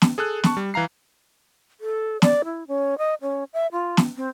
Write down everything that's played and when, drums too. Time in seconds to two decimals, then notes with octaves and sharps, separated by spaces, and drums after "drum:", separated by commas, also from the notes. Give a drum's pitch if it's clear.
0.02 drum: snare
0.18 G#4 A4 D#6 F#6
0.44 A5 C#6, drum: snare
0.57 G3
0.74 E3 F5 A#5 C7
1.81 A4
2.22 D5, drum: snare
2.45 E4
2.67 C#4
2.98 D#5
3.22 C#4
3.54 E5
3.72 F4
3.97 drum: snare
4.16 C4